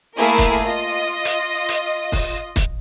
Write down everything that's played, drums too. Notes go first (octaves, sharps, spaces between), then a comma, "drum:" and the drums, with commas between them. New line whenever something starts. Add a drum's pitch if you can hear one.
A3 A#3 E4 G#4 A#4
drum: kick, hi-hat
F4 D#5
drum: hi-hat
drum: hi-hat
drum: kick, open hi-hat
drum: kick, hi-hat